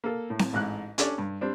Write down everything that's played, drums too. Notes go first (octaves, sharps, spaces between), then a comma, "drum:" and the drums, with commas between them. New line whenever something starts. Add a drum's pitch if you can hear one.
A#3 A4
A2
drum: snare C4
A1 G#2 F#6
C#4 D4 G4 A4 D5, drum: hi-hat
G2
G3 C4 D4